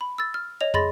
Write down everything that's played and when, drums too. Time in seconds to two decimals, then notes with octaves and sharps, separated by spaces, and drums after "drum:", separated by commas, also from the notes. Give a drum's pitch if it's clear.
0.01 B5
0.18 E6 A6
0.34 F6
0.61 C#5 D#5 F7
0.74 G#4 D#5 B5 C6 A6 A#6, drum: tom